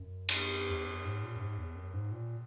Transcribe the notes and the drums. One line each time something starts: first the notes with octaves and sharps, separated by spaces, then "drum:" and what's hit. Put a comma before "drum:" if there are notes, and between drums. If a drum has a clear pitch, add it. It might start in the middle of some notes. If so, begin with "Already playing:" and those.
Already playing: F#2
drum: cymbal
E2
F#2
G#2
A#2
F#2
G#2
E2
F#2
G#2
A#2